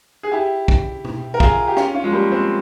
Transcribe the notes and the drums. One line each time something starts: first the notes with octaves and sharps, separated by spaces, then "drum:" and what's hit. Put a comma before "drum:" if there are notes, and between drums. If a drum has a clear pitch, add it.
G#4
E4 G4
drum: kick
drum: tom B2
A#4
F4 G#4, drum: kick
G4
C#4 F4, drum: rim click
C#4 F4
F3 G#3
G3 A#3
G#3 C4